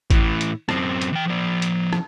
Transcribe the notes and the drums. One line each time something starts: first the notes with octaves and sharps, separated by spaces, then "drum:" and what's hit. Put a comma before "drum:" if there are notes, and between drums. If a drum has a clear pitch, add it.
A2 E3, drum: kick G#1, hi-hat
drum: hi-hat
F#2 C4, drum: rim click
drum: hi-hat
E3 G5
F3 D5
drum: hi-hat
drum: rim click